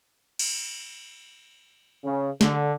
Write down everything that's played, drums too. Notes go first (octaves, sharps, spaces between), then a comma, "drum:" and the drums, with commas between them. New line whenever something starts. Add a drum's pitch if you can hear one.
drum: cymbal
C#3
D3, drum: snare